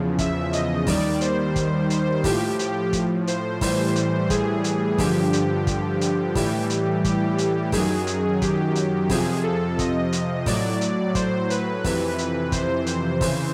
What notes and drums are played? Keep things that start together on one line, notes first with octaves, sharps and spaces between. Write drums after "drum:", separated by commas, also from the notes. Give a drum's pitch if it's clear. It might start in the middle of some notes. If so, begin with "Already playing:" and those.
Already playing: E2 C#3 F3
E5, drum: kick, hi-hat
D#5, drum: hi-hat
D#2 D#3 G3 D5, drum: kick, open hi-hat
C5, drum: hi-hat
drum: kick, hi-hat
C5, drum: hi-hat
A2 F3 G4, drum: kick, open hi-hat
G4, drum: hi-hat
drum: kick, hi-hat
C5, drum: hi-hat
A2 E3 G3 C5, drum: kick, open hi-hat
drum: hi-hat
G#4, drum: kick, hi-hat
drum: hi-hat
G2 D3 F3 G4, drum: kick, open hi-hat
G4, drum: hi-hat
drum: kick, hi-hat
drum: hi-hat
A2 E3 G3 G4, drum: kick, open hi-hat
drum: hi-hat
G4, drum: kick, hi-hat
drum: hi-hat
F#2 D#3 F#3 G#4, drum: kick, open hi-hat
drum: hi-hat
G4, drum: kick, hi-hat
drum: hi-hat
F2 C3 F3 G#4, drum: kick, open hi-hat
A4
D#5, drum: kick, hi-hat
drum: hi-hat
A2 F#3 D5, drum: kick, open hi-hat
drum: hi-hat
C5, drum: kick, hi-hat
B4, drum: hi-hat
F2 C3 E3, drum: kick, open hi-hat
B4, drum: hi-hat
C5, drum: kick, hi-hat
C5, drum: hi-hat
C#3 E3, drum: kick, open hi-hat